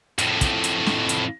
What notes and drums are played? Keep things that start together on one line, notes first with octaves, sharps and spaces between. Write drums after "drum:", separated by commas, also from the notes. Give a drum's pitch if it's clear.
F2 A2, drum: hi-hat
drum: kick, hi-hat
drum: hi-hat
drum: snare
drum: hi-hat